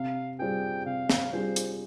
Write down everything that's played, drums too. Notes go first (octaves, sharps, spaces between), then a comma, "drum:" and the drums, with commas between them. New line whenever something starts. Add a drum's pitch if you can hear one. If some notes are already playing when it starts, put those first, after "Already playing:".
Already playing: C3 F5
G3 C4 F4 G#4 G5
C3 F5
drum: snare
G3 C4 F4 G#4 C5
drum: hi-hat